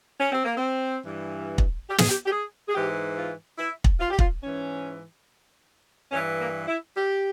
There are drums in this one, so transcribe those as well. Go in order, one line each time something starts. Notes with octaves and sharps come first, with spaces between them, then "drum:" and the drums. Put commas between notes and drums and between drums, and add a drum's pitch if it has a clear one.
C#4
C4
A#3
C4
G2 E3
drum: kick
G4
G#4, drum: snare
G4
G4
G#4
G#4
G#2 E3 G4
F4
E4
drum: kick
F4
G4
F4, drum: kick
G#2 E3 C#4
G2 E3 C#4
A#3
E4
G4